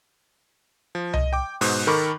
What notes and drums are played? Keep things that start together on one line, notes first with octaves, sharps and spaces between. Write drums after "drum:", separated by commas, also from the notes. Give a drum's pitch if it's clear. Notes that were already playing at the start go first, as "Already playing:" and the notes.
F3
D#5, drum: tom C2
G5 D6
G#2 B2 C5 D#6 F#6, drum: open hi-hat
D#3 A4 A#4 B5 C#6 D6